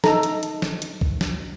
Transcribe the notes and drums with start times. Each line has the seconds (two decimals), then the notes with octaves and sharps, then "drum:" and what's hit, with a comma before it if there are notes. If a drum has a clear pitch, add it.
0.04 D#4 A4 A#5, drum: snare
0.23 drum: hi-hat
0.43 drum: hi-hat
0.62 drum: snare
0.82 drum: hi-hat
1.01 drum: kick C2
1.21 drum: snare